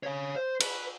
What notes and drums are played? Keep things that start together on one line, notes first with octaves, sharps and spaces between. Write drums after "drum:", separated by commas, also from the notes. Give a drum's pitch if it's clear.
C#5 F5
C5
B4, drum: cymbal